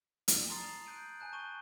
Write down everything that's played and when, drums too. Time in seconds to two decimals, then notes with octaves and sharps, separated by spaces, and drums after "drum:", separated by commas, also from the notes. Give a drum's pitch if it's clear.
0.28 drum: hi-hat
0.49 A5 A#5 C6 D#6 A6 C7
0.65 A6 F#7
0.86 F#6 G6 D7 D#7
1.20 G#5 A5 F#6 G6
1.33 A5 C#6 D#7 G7